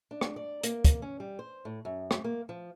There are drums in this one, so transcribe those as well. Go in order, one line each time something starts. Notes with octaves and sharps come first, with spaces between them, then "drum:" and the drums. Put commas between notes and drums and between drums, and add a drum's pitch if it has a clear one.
D4
drum: rim click
D5
A#3, drum: hi-hat
drum: kick, hi-hat
C#4
G3
C5
A2
F#2
drum: rim click
A#3
F3